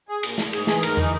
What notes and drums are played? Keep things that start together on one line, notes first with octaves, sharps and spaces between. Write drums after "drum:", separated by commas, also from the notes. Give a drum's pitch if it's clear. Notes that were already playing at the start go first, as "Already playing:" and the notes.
G#4
A#2, drum: cymbal
drum: snare
G#2 G#4, drum: cymbal
E3 G#4, drum: snare
G#2 A#4, drum: cymbal
E3 D#4, drum: tom